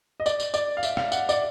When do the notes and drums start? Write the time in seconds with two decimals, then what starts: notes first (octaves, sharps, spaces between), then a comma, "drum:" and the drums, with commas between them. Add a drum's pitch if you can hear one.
0.20 D#5
0.26 D5, drum: tambourine
0.40 drum: tambourine
0.54 D5, drum: tambourine
0.77 F5
0.83 E5, drum: tambourine
0.97 F5, drum: rim click
1.12 F#5, drum: tambourine
1.29 D5, drum: tambourine